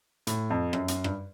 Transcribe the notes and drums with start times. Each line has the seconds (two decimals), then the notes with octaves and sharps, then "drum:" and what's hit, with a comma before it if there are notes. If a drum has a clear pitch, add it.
0.27 A2, drum: hi-hat
0.50 F2
0.73 F#2, drum: rim click
0.88 F#2, drum: hi-hat
1.04 G2, drum: rim click